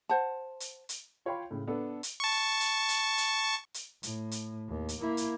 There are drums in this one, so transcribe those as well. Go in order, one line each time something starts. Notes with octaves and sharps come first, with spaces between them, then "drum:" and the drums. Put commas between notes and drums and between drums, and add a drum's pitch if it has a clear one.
C5 F#5 A5
drum: hi-hat
drum: hi-hat
F4 C#5 F5 G5 B5 C6
A2 C#3
B3 D4 A4
drum: hi-hat
A5 C#6
drum: open hi-hat
drum: hi-hat
drum: hi-hat
drum: hi-hat
drum: hi-hat
A2, drum: hi-hat
drum: hi-hat
D#2
drum: hi-hat
A#3 E4
drum: hi-hat